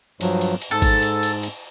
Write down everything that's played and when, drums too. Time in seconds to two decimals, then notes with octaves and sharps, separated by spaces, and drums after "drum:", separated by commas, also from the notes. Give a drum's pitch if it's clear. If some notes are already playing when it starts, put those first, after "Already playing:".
0.21 G2 F3 F#3, drum: cymbal
0.41 drum: cymbal
0.62 drum: cymbal
0.71 G#2 A4
0.82 drum: kick G#1, cymbal
1.02 drum: cymbal
1.23 drum: cymbal
1.43 drum: cymbal